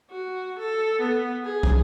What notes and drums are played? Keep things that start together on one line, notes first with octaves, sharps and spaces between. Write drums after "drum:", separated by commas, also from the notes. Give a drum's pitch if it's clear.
F#4
A4
B3
G#4
drum: kick